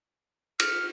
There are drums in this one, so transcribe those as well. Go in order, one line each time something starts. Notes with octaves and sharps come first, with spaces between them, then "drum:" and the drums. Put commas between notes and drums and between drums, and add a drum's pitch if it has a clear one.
F6, drum: cymbal